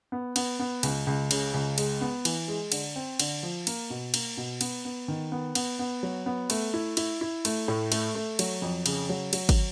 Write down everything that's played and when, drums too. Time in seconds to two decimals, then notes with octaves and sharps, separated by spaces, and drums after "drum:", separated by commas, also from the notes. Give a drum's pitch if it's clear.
0.12 B3
0.36 B3, drum: cymbal
0.60 B3
0.83 C#2, drum: cymbal
1.07 C#2
1.31 C#3, drum: cymbal
1.54 C#2
1.78 G#3, drum: cymbal
2.01 B3
2.25 E3, drum: cymbal
2.48 G#3
2.72 D3, drum: cymbal
2.96 C4
3.20 D3, drum: cymbal
3.43 F3
3.67 A#3, drum: cymbal
3.90 B2
4.14 A#3, drum: cymbal
4.37 B2
4.61 B3, drum: cymbal
4.85 B3
5.08 D#3
5.32 B3
5.55 B3, drum: cymbal
5.79 B3
6.03 F#3
6.26 B3
6.50 A3, drum: cymbal
6.74 E4
6.97 E4, drum: cymbal
7.21 E4
7.45 A3, drum: cymbal
7.68 A2
7.92 A3, drum: cymbal
8.15 A3
8.39 F#3, drum: cymbal
8.62 F2
8.86 C#3, drum: cymbal
9.09 F#3
9.33 F#3, drum: cymbal
9.49 drum: kick, cymbal